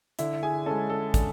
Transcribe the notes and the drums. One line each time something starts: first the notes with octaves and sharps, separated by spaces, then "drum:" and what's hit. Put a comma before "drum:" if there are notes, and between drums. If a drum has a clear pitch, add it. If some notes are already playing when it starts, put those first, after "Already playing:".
D3 E4 E5, drum: hi-hat
G#4 G#5
G#3 C#4 A4 A5
A4 A5
D3, drum: kick, hi-hat